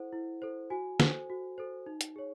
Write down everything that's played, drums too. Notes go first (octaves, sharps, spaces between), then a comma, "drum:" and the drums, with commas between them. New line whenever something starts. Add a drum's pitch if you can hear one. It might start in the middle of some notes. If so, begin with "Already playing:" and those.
Already playing: E4 A4 C5 F#5
E4
A4 C5
F#4 G#5
A4 C5, drum: snare
F#4
A4 C5
D#4
drum: hi-hat
G#4 C#5